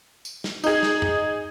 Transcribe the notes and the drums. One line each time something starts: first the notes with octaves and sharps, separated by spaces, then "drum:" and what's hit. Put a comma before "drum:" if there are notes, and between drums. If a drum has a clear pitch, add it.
drum: tambourine
drum: snare
D#4 G#4, drum: tambourine
drum: snare
drum: tom F2